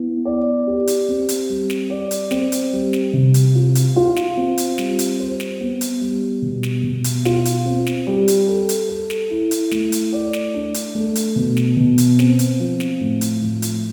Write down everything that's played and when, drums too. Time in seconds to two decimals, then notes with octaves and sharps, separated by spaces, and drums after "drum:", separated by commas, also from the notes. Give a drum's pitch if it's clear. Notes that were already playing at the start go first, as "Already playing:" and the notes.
Already playing: B3 E4
0.25 D5
0.67 G4
0.87 drum: hi-hat
1.08 C4
1.29 drum: hi-hat
1.50 G3
1.70 drum: snare
1.90 D5
2.11 drum: hi-hat
2.31 C4, drum: snare
2.52 drum: hi-hat
2.73 G3
2.93 drum: snare
3.13 C3
3.34 drum: hi-hat
3.55 F4
3.75 drum: hi-hat
3.96 F4
4.16 drum: snare
4.37 C4
4.58 drum: hi-hat
4.78 G3, drum: snare
4.99 drum: hi-hat
5.20 C5
5.40 drum: snare
5.60 B3
5.81 drum: hi-hat
6.01 G3
6.42 B2
6.63 drum: snare
6.83 B2
7.04 drum: hi-hat
7.25 F4, drum: snare
7.45 drum: hi-hat
7.66 C4
7.87 drum: snare
8.07 G3
8.28 drum: hi-hat
8.48 A4
8.69 drum: hi-hat
8.89 A4
9.10 drum: snare
9.30 E4
9.51 drum: hi-hat
9.71 A3, drum: snare
9.92 drum: hi-hat
10.13 D5
10.33 drum: snare
10.54 D4
10.74 drum: hi-hat
10.95 A3
11.15 drum: hi-hat
11.36 B2
11.57 drum: snare
11.77 B2
11.98 drum: hi-hat
12.19 C4, drum: snare
12.39 drum: hi-hat
12.60 F3
12.80 drum: snare
13.01 A2
13.21 drum: hi-hat
13.41 A2
13.62 drum: hi-hat